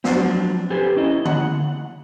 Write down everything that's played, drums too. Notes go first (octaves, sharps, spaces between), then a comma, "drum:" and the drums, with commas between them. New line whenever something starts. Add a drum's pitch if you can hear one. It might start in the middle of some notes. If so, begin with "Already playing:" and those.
F3 F#3 C4 D4, drum: snare
G4 A4 B4 C5 G#5
C#4 E4 D#5
F#5, drum: tom D3